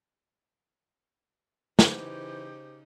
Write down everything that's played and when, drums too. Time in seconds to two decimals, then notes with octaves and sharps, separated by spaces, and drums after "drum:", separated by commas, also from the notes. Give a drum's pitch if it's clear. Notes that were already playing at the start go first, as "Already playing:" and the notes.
1.79 C#3 E3 D#4 G4 C5, drum: snare